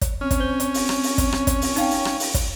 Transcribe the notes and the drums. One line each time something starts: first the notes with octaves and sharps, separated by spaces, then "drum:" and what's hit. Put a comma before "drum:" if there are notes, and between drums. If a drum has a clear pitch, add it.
drum: kick, hi-hat
C4 C#4 F6
drum: kick, hi-hat
C5 G6 G7
drum: hi-hat
drum: open hi-hat
drum: rim click
drum: open hi-hat
drum: kick, hi-hat
drum: rim click
drum: kick, hi-hat
drum: open hi-hat
D#4 F5 G5, drum: hi-hat
drum: open hi-hat
drum: rim click
drum: open hi-hat
drum: kick, hi-hat